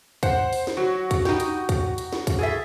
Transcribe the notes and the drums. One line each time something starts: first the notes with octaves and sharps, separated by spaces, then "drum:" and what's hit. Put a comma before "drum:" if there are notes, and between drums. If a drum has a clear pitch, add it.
C5 F#5, drum: kick, hi-hat
drum: open hi-hat
drum: snare
F#3 F#4
drum: kick, hi-hat
D#4 G4, drum: snare
drum: hi-hat
drum: kick, hi-hat
drum: hi-hat
drum: snare
drum: kick, hi-hat
G#4 A4 E5